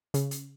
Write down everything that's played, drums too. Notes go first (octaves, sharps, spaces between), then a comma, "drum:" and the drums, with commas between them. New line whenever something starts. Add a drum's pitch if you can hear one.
C#3, drum: hi-hat
drum: hi-hat